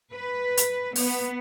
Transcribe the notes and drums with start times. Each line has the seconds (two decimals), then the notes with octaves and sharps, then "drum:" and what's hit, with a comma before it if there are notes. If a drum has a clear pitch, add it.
0.13 B4
0.57 drum: hi-hat
0.96 B3, drum: open hi-hat